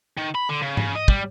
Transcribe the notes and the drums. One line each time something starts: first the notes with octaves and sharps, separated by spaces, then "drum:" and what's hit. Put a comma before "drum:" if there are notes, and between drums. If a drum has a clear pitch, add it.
D#3
B5
D3
C#3
C#3, drum: tom G#2
D#5
G3, drum: kick